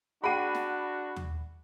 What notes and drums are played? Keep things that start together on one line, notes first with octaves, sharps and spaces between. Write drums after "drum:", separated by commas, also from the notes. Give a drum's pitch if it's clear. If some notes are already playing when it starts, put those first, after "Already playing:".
D4 F#4 G#4 F#5 G5 B5 D#7
drum: snare
drum: tom D#2